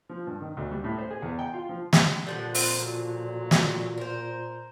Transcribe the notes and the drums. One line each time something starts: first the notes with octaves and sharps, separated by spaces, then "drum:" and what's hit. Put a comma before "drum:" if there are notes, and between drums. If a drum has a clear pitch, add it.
F3
G2
D#3
D2
G3
A2
C5
G#4
E2
G5
F4
F3
drum: snare
A#2 D3 F3 G3 F#5
C4, drum: open hi-hat
F#3
drum: snare
A#4 C5